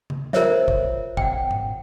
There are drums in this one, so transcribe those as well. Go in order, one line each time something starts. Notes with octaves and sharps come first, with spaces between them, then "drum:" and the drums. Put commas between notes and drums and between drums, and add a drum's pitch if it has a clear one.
drum: tom
F4 A#4 C5 C#5 E5, drum: snare
drum: kick
F#5 G5, drum: kick
drum: tom G#2